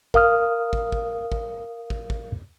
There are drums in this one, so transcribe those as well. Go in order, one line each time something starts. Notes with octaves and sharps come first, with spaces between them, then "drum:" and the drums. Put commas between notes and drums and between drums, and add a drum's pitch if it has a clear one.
A#4 F5 D#6 F6, drum: kick
drum: kick
drum: kick
drum: kick
drum: kick
drum: kick